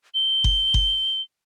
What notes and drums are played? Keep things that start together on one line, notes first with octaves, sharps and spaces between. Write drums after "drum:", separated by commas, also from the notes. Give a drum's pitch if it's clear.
G7
drum: kick F#1
drum: kick F#1